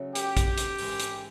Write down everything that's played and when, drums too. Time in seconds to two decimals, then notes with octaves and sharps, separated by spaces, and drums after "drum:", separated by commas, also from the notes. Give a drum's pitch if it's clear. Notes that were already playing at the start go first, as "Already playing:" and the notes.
Already playing: C#3 F#3 A3
0.15 G4, drum: hi-hat
0.37 drum: kick A#1, hi-hat
0.58 drum: hi-hat
0.78 G#2 E3 G#3, drum: open hi-hat
1.00 drum: hi-hat